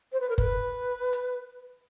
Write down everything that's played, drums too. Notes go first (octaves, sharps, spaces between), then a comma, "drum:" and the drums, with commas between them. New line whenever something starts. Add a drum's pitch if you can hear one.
C5
B4
A#4
B4, drum: kick F#1
drum: hi-hat